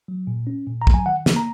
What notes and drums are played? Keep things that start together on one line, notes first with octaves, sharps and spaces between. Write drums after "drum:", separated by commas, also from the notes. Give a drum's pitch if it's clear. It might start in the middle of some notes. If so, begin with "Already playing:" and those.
F#3
A#2
C#4
A#2
A#5
F#3, drum: kick
G#5
D#3 F#5
A#3, drum: snare
A#5